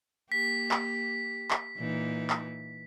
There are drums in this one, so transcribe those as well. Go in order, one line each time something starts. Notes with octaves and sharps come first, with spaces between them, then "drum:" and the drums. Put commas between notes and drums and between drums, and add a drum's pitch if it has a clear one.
A#3 G4 B6
drum: clap
drum: clap
A#2 E3 D#4
drum: clap